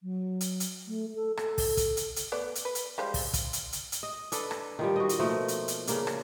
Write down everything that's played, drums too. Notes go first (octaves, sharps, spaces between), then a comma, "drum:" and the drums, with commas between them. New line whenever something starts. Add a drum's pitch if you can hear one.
F#3
drum: hi-hat
drum: hi-hat
A3
A4
A4, drum: rim click
drum: kick, open hi-hat
drum: kick, hi-hat
drum: hi-hat
drum: hi-hat
A3 B3 D5
drum: hi-hat
B4
drum: hi-hat
F3 G3 G#3
drum: kick, open hi-hat
drum: kick, hi-hat
drum: hi-hat
drum: hi-hat
drum: hi-hat
D#5
D4 A4 B4, drum: hi-hat
drum: rim click
D#3 F3 G3
F#4 D#5
drum: hi-hat
B2 F3 A3 A#3
drum: hi-hat
drum: hi-hat
C#3 A#3 D4, drum: hi-hat
drum: rim click